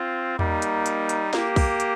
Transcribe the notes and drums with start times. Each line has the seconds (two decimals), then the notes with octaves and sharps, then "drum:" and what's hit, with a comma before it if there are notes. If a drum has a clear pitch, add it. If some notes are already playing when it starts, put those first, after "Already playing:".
Already playing: C4 F4
0.39 G3 A#3 D#4, drum: tom E2
0.62 drum: hi-hat
0.86 drum: hi-hat
1.09 drum: hi-hat
1.33 A#3 G4, drum: snare
1.56 drum: kick B1, open hi-hat
1.80 drum: hi-hat